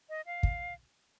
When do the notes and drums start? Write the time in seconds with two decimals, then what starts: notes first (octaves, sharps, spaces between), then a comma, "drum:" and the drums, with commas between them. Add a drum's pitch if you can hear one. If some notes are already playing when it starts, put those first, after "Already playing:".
0.09 D#5
0.26 F5
0.43 drum: kick